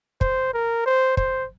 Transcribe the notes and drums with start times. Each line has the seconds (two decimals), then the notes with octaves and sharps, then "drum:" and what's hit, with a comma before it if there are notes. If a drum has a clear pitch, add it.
0.21 C5, drum: kick
0.54 A#4
0.86 C5
1.17 C5, drum: kick